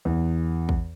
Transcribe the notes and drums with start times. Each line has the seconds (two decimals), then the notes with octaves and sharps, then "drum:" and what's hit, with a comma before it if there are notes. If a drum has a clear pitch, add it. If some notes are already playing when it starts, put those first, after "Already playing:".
0.05 E2
0.69 drum: kick